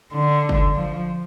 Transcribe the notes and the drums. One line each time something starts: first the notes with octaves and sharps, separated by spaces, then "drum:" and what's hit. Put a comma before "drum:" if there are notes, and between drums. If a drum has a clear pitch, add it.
D3
drum: kick
F3